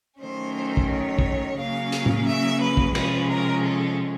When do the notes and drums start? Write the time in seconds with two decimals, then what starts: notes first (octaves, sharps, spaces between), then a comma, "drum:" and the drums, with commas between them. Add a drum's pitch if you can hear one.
0.20 D#3 F#3 A3 C#4 C5
0.77 drum: kick
0.89 C#5
1.19 drum: kick
1.58 C#3 F#3 A#3 C#4 F5
1.92 drum: hi-hat
2.06 drum: tom
2.27 E5
2.61 B4
2.77 drum: kick
2.95 C3 F3 G#3 C#4 B4, drum: cymbal
3.30 A#4
3.64 A4